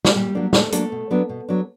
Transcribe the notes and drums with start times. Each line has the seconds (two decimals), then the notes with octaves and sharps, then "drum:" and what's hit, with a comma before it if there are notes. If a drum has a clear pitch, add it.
0.05 F#4, drum: snare
0.15 A#2 G3 G4
0.35 F#3 A#3 D4
0.53 A#2 A3 A4, drum: snare
0.72 F#3 A3 A#3 D4 A4, drum: hi-hat
0.92 B2
1.11 F#3 B3 D4
1.29 B2
1.49 F#3 B3 D4